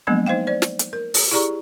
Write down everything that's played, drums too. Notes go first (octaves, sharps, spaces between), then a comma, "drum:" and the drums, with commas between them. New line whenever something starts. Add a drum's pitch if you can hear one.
F3 F#3 G#3 A#3 B3 D4
D#4 C5 D#5 F5 G5
C5 D5
drum: snare
drum: hi-hat
A#4
drum: open hi-hat
E4 G4 G#4 D5 A#5 C#6